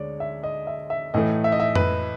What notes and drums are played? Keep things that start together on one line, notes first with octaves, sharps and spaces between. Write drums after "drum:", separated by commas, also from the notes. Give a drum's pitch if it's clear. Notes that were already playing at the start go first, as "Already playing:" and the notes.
Already playing: D2 G#3 C#5 D5
E5
D#5
E5
E5
A2 E3 A3 D#5
E5
D#5
E5
B4, drum: tom F2